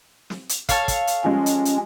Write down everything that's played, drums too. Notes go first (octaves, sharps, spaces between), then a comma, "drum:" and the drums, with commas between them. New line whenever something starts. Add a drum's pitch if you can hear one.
drum: snare
drum: hi-hat
A4 C#5 F5, drum: kick, hi-hat
drum: kick, hi-hat
drum: hi-hat
F3 G3 G#3 C#4
drum: hi-hat
drum: hi-hat